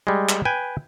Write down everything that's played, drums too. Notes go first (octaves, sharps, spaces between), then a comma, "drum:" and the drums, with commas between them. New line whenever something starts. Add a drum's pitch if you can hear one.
G3 G#3
drum: clap
B4 G5 G#5